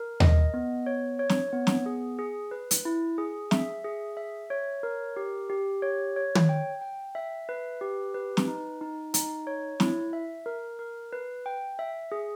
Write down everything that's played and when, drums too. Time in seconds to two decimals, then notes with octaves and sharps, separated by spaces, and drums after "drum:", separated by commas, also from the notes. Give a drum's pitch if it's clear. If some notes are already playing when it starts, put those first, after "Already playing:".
Already playing: A#4
0.20 D#5, drum: tom D#2
0.54 B3
0.86 C#5
1.19 C#5
1.29 drum: snare
1.53 B3
1.67 drum: snare
1.86 G#4
2.19 G#4
2.51 B4
2.71 drum: hi-hat
2.85 E4
3.18 G#4
3.51 E5, drum: snare
3.84 G#4
4.17 E5
4.50 C#5
4.83 A#4
5.17 G4
5.50 G4
5.82 C#5
6.16 C#5
6.35 drum: tom
6.49 G5
6.82 G5
7.15 E5
7.49 B4
7.81 G4
8.15 B4
8.37 drum: snare
8.48 D#4
8.81 D#4
9.14 D#4, drum: hi-hat
9.47 C#5
9.80 E4, drum: snare
10.13 E5
10.46 A#4
10.79 A#4
11.13 B4
11.46 G5
11.79 E5
12.12 G#4